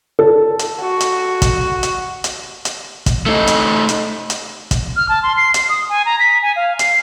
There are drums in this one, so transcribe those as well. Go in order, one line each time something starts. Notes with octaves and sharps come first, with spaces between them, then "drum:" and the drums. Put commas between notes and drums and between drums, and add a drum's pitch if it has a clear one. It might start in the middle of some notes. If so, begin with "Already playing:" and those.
A4
drum: hi-hat
F#4
drum: hi-hat
drum: kick, hi-hat
drum: hi-hat
drum: hi-hat
drum: hi-hat
drum: kick, hi-hat
A3 D#4
drum: hi-hat
drum: hi-hat
drum: hi-hat
drum: kick, hi-hat
F6
A5
C6
C7
C7, drum: hi-hat
D#6
G#5
A#5
B6
G#5
F5
C7, drum: hi-hat